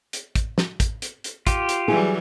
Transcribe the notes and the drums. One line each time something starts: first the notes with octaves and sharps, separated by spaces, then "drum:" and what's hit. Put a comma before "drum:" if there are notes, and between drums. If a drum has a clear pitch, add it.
drum: hi-hat
drum: kick, hi-hat
drum: snare
drum: kick, hi-hat
drum: hi-hat
drum: hi-hat
F4 G4, drum: kick, hi-hat
drum: hi-hat
E3 F#3 G3 G#4